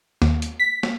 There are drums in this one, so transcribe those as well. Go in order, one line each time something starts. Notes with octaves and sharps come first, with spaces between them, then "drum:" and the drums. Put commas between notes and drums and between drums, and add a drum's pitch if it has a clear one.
D#2, drum: snare
drum: hi-hat
B6
drum: snare